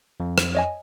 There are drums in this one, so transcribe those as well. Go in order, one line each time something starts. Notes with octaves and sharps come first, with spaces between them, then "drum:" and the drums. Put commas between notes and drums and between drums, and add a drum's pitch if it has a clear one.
F2
drum: rim click
C#5 D#5 G#5